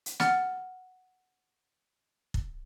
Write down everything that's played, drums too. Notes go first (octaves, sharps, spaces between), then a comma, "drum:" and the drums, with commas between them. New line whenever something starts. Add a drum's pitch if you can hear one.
drum: hi-hat
F#5 F6 A6, drum: snare
drum: kick